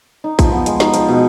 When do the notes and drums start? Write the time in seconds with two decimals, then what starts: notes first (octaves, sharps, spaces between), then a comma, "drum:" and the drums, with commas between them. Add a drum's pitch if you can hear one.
0.24 D#4
0.39 F3, drum: kick, hi-hat
0.52 B3
0.66 G#3, drum: hi-hat
0.80 D#4, drum: snare
0.94 F3, drum: hi-hat
1.09 B2